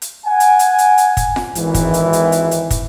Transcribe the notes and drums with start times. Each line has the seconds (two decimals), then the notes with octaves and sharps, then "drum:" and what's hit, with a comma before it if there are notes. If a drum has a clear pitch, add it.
0.02 drum: hi-hat
0.25 F#5 G#5
0.40 drum: hi-hat
0.59 drum: hi-hat
0.78 drum: hi-hat
0.98 drum: hi-hat
1.17 drum: kick, hi-hat
1.36 drum: snare F4
1.55 G#1 E3, drum: hi-hat
1.74 drum: kick, hi-hat
1.94 drum: hi-hat
2.13 drum: hi-hat
2.32 drum: hi-hat
2.51 drum: hi-hat
2.71 drum: kick, hi-hat